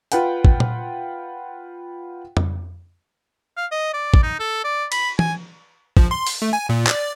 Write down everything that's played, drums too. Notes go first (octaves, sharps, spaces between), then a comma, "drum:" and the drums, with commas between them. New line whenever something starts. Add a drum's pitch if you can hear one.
F4 B4 F#5 G5, drum: hi-hat
drum: kick
drum: tom A#2
drum: tom F2
F5
D#5
D5
drum: kick
D#4
A4
D5
B5, drum: cymbal
G#5, drum: tom
F3, drum: kick
C6
drum: open hi-hat
A3
G#5
A#2
D5, drum: clap